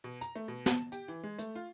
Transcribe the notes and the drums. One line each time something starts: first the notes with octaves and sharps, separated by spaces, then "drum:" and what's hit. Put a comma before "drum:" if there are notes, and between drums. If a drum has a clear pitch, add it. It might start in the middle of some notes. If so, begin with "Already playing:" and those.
B2
A#5, drum: hi-hat
A3
B2
A5, drum: snare
G4, drum: hi-hat
E3
G#3
A3, drum: hi-hat
F4